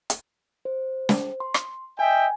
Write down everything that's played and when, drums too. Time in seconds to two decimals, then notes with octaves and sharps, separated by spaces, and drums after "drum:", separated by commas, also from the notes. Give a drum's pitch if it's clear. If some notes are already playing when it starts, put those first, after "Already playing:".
0.10 drum: hi-hat
0.65 C5
1.09 drum: snare
1.40 C6
1.54 drum: rim click
1.99 D#5 E5 G5 G#5